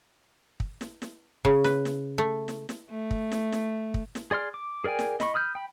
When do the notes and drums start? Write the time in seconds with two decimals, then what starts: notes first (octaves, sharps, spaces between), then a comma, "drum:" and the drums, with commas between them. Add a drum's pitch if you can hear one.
0.60 drum: kick
0.81 drum: snare
1.02 drum: snare
1.45 C#3, drum: kick
1.64 B4, drum: snare
1.85 drum: snare
2.18 A3
2.48 drum: snare
2.69 drum: snare
2.90 A3
3.11 drum: kick
3.31 drum: snare
3.52 drum: snare
3.94 drum: kick
4.15 drum: snare
4.31 G#4 D5 C6 F6
4.54 D6
4.84 G#4 A#4 D5 G5 G#5
4.99 drum: snare
5.20 D#5 B5 C#6, drum: snare
5.34 B5 D#6 F6 G6
5.55 G5 B5